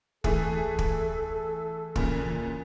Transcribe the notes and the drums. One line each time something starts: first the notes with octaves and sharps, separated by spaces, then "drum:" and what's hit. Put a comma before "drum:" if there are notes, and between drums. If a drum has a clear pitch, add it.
E3 A3 G#4 A4, drum: kick
drum: kick
A#2 C#3 E3, drum: kick